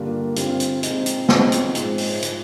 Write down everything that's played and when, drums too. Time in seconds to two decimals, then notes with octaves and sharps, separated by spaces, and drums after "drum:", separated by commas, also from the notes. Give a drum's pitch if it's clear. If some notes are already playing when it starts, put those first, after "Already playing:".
Already playing: G2 D3 G3 A#3 D4 F4
0.36 G2 D3 G3 C4 D4 F4, drum: hi-hat
0.60 drum: hi-hat
0.83 A#2 F3 G#3 C4 D#4, drum: hi-hat
1.06 drum: hi-hat
1.29 A#2 F3 G#3 C4 D#4, drum: snare
1.52 drum: hi-hat
1.75 G#2 F3 G#3 C4, drum: hi-hat
1.98 drum: open hi-hat
2.22 F3 C4, drum: hi-hat